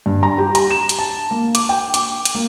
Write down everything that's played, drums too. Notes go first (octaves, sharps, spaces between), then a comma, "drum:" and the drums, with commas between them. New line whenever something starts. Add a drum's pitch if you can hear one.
G2
A#5
G4
A#5, drum: hi-hat
E7
drum: hi-hat
A5
A#3
D6, drum: hi-hat
G5
D6, drum: hi-hat
drum: hi-hat
A#3